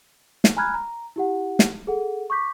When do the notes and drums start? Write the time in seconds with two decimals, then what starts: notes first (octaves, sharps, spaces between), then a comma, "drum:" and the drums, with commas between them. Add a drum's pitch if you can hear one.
0.44 drum: snare
0.57 G#5 A#5 B5 F6 F#6 G#6
0.74 A#5
1.16 E4 G4 F#5
1.59 drum: snare
1.87 G#4 A4 F#5
2.30 C#6 D6 G6 B6